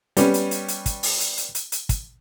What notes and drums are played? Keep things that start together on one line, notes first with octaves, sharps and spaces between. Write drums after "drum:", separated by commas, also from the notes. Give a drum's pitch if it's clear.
G3 B3 C#4, drum: hi-hat
drum: hi-hat
drum: hi-hat
drum: hi-hat
drum: kick, hi-hat
drum: open hi-hat
drum: hi-hat
drum: hi-hat
drum: hi-hat
drum: hi-hat
drum: kick, hi-hat